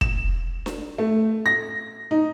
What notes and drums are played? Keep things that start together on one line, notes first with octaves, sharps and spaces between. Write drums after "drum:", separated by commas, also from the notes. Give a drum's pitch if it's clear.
E7, drum: kick
drum: snare D4
A3
A#6
D#4